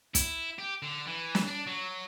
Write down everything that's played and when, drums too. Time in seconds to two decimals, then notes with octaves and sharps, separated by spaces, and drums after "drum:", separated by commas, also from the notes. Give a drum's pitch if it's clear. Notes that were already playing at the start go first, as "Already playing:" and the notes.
0.15 E4, drum: kick, hi-hat
0.59 G4
0.83 D3
1.07 E3
1.35 drum: snare
1.47 D4
1.66 F#3